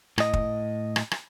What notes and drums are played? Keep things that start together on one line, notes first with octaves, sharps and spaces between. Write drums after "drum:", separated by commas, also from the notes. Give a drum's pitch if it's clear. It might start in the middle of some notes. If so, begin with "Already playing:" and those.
A2 D#5, drum: rim click
drum: kick
drum: rim click
drum: rim click